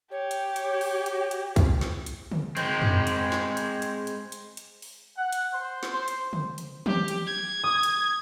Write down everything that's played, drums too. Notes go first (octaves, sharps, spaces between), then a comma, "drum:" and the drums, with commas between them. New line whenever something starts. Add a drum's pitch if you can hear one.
G4 C#5
drum: hi-hat
drum: hi-hat
drum: open hi-hat
drum: hi-hat
drum: hi-hat
drum: kick, hi-hat
drum: snare
drum: hi-hat
drum: tom
G#3 C4, drum: hi-hat
drum: tom
drum: hi-hat
drum: snare
drum: hi-hat
drum: hi-hat
drum: hi-hat
drum: hi-hat
drum: hi-hat
drum: open hi-hat
F#5
drum: hi-hat
C5
drum: snare
C5
drum: hi-hat
drum: tom
drum: hi-hat
G4, drum: tom
drum: hi-hat
G#6
D#6
drum: hi-hat